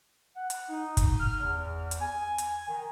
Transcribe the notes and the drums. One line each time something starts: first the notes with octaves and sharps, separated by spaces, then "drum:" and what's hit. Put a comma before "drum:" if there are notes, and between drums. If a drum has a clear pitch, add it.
F#5
drum: hi-hat
D#4
drum: kick, hi-hat
F6
E2
drum: hi-hat
G#5
drum: hi-hat
D#3